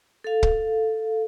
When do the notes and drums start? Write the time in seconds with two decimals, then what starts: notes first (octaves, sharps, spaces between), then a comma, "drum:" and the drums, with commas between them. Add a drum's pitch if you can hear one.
0.24 A4 F5
0.43 drum: kick